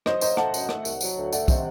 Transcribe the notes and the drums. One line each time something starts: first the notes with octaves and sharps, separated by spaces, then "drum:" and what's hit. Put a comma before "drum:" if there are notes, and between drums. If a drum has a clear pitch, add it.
F#3 C5 D#5, drum: rim click
A#3 C5 D#5, drum: tambourine
A3 F#5 A5, drum: rim click
F#2, drum: tambourine
A3, drum: rim click
C2, drum: tambourine
F#3, drum: tambourine
D2
A3 D5 F#5, drum: tambourine
C3 C5 D#5, drum: kick, tambourine